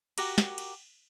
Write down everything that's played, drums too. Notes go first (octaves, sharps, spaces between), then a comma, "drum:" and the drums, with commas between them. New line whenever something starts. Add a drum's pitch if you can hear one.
F#4 G4 A#4 D6, drum: cymbal
drum: snare
drum: cymbal